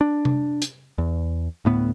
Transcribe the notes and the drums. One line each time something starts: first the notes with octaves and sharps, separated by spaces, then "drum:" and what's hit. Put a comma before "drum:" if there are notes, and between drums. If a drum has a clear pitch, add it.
D4
drum: tom C3
drum: hi-hat
E2
D2 A2 B3